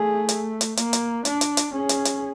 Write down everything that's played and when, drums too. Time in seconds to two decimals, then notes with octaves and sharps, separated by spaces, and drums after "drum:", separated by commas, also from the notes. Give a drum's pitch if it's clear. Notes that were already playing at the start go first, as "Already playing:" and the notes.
Already playing: A3 G#4
0.29 drum: hi-hat
0.61 drum: hi-hat
0.77 A#3, drum: hi-hat
0.93 drum: hi-hat
1.25 D4, drum: hi-hat
1.41 drum: hi-hat
1.57 drum: hi-hat
1.73 C#4 G#4
1.89 drum: hi-hat
2.05 drum: hi-hat